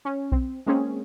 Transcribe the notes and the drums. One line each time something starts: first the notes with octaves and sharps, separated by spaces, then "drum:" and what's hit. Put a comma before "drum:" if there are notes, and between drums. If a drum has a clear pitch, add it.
C#4
C4, drum: kick B1
G#3 A#3 C4 C#4 G#4